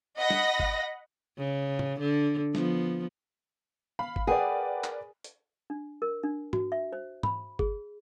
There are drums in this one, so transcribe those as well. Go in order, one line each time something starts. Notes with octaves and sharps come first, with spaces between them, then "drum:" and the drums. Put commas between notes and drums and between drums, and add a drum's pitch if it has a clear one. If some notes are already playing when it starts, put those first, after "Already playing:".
D#5 F#5 B5 A#6
drum: snare
drum: kick G1
C#3
drum: tom
D3
F3 B3, drum: snare
F5 B5
drum: kick G1
G#4 A#4 B4 D5 F#5 G5
drum: clap
drum: hi-hat
D4
A#4
D4
F#4, drum: tom
E5
C5
B5, drum: tom
G#4, drum: kick G1